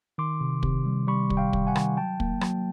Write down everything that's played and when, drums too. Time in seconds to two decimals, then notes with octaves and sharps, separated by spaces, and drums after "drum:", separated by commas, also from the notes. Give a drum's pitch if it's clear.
0.18 D#3 C6 D6
0.41 C3
0.63 C3, drum: kick
0.86 G3
1.07 G3 B5 C#6
1.30 G3, drum: kick
1.37 F5 G5
1.53 G3, drum: kick
1.67 F#5 G#5
1.76 D#3, drum: rim click
1.97 F#3 G5 A5
2.20 A#3, drum: kick
2.41 F#3, drum: rim click